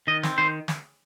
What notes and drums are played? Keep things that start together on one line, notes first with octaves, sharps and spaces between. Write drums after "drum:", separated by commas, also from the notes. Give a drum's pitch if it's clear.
D#3 D#5
C4, drum: snare
D#3 C5
drum: snare